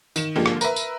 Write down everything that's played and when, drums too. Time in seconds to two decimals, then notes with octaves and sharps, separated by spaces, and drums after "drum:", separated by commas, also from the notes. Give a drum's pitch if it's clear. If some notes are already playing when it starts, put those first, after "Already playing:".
0.16 D#3 E7, drum: tambourine
0.36 D3 F3 G#3 A#3 F4 G4
0.46 drum: rim click
0.61 A#4 B4 E5, drum: tambourine
0.76 drum: tambourine